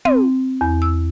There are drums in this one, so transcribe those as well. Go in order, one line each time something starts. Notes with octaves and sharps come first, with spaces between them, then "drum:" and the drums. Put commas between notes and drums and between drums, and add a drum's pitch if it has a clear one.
C4, drum: tom
E2
E6